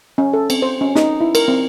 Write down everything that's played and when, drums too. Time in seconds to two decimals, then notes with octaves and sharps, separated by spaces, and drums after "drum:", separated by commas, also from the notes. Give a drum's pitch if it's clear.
0.18 C#4
0.33 A4
0.50 C4, drum: cymbal
0.62 C5
0.81 C#4
0.96 D#4, drum: snare
1.20 E4
1.35 A#4, drum: cymbal
1.48 C4